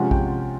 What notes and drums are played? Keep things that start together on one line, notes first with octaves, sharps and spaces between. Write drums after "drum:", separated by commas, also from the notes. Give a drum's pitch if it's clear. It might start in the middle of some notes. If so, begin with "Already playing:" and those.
Already playing: C3 F3 G#3 C#4 F4 F#5
G5, drum: kick A#1